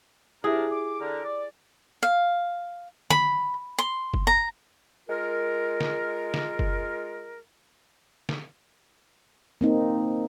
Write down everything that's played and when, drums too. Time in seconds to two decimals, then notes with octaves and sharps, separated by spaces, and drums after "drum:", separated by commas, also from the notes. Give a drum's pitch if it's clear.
0.44 D2 D4 E4 G4 G#4 A#4 E5
0.72 D6
1.01 D3 A#4
1.24 D5
2.03 F5
3.10 B5, drum: tom D3
3.79 C6
4.14 drum: kick F#1
4.27 A#5
5.08 G#3 F4 A#4
5.81 drum: snare
6.34 drum: snare
6.59 drum: kick F#1
8.29 drum: snare
9.61 A#3 C4 D#4